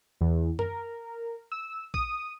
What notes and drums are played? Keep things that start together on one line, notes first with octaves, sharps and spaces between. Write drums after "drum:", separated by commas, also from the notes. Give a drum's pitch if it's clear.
E2
A#4, drum: tom F#2
E6
D#6, drum: kick A#1